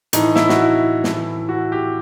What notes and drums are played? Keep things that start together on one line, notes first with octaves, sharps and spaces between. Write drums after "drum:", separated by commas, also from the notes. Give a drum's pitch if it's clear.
A2 E3 D#4, drum: hi-hat
E4, drum: snare
F#4, drum: snare
E4
A2 E3, drum: snare
F#4
G4